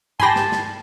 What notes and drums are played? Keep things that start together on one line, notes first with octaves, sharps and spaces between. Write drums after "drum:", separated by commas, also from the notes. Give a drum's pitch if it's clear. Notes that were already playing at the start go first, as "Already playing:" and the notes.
G4 G#5 A5 B5 C6 A#6, drum: tom G2
drum: snare
drum: snare